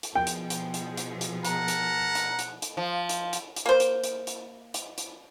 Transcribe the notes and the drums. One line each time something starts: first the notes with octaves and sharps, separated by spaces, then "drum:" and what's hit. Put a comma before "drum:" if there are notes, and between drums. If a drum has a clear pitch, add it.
drum: hi-hat
B2 F3 G#4 G5
drum: hi-hat
drum: hi-hat
drum: hi-hat
drum: hi-hat
drum: hi-hat
A#4 F#5 A5 A#5, drum: hi-hat
drum: hi-hat
drum: hi-hat
drum: hi-hat
drum: hi-hat
F3
drum: hi-hat
drum: hi-hat
drum: hi-hat
A#3 C5
drum: hi-hat
drum: hi-hat
drum: hi-hat
drum: hi-hat
drum: hi-hat